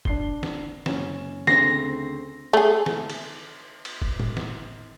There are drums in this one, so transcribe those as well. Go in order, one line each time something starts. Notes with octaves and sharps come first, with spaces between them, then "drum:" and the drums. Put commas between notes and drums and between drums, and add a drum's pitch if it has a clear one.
D4 C7 G7, drum: kick
drum: snare
F#1 C#4 E7, drum: snare
D2 C#3 C4 A#6 C7, drum: snare
A3 G#4
drum: snare
drum: cymbal
drum: cymbal
drum: kick
drum: tom A2
drum: snare